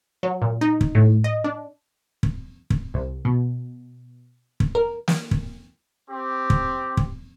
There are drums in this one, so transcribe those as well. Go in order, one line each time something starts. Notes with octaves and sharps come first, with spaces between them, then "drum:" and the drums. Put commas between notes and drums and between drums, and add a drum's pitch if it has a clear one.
F#3
A#2
D#4
drum: kick
A2
D#5
D4
drum: kick
drum: kick
C2
B2
drum: kick
A#4
drum: snare
drum: kick
C4 G4
drum: kick
drum: kick